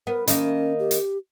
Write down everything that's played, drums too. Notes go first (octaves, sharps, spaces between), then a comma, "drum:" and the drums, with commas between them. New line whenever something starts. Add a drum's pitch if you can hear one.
B3 A#4
D#3 A#3 C#4, drum: hi-hat
G4
drum: hi-hat